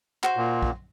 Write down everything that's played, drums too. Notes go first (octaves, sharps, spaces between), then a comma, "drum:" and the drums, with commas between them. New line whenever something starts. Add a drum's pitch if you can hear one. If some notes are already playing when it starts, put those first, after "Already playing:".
F#4 C5, drum: clap
A#2
drum: kick